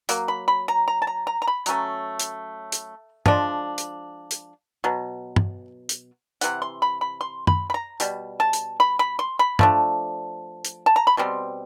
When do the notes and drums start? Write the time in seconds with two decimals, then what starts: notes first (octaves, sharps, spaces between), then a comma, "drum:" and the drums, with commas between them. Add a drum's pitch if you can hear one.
0.09 F#3 A#3, drum: hi-hat
0.28 B5
0.48 B5
0.68 A#5
0.88 A#5
1.02 A5
1.07 A#5
1.27 A#5
1.42 A#5
1.47 B5
1.66 F#3 A3 C#4 A#5, drum: hi-hat
2.20 drum: hi-hat
2.72 drum: hi-hat
3.26 F3 G#3 D4, drum: tom G2
3.78 drum: hi-hat
4.31 drum: hi-hat
4.84 B2 F#3
5.36 drum: tom G2
5.89 drum: hi-hat
6.41 C3 E3 F#5, drum: hi-hat
6.62 C6
6.82 B5
7.01 B5
7.21 C6
7.47 B5, drum: tom
7.70 B5
7.74 A#5
8.00 B2 G3, drum: hi-hat
8.40 A5
8.53 drum: hi-hat
8.80 B5
8.99 B5
9.19 C6
9.39 B5
9.59 F3 A3 D4, drum: tom G2
10.65 drum: hi-hat
10.86 A5
10.96 A#5
11.07 B5
11.17 B2 G3 C4 C6